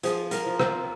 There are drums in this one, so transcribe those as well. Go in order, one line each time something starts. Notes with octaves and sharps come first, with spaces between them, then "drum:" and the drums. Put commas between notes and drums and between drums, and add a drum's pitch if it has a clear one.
F3 G#4, drum: hi-hat
A#4, drum: hi-hat
F3
C5, drum: rim click